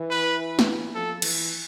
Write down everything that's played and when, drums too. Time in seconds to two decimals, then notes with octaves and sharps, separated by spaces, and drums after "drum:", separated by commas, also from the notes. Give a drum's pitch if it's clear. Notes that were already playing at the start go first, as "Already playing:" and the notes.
Already playing: E3
0.10 B4
0.59 drum: snare
0.94 F3 A4
1.22 E3, drum: cymbal